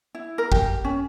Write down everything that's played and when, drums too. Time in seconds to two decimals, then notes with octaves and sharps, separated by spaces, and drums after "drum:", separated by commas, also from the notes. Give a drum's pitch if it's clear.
0.15 E4
0.38 A#4
0.52 G4, drum: kick G#1
0.85 C#4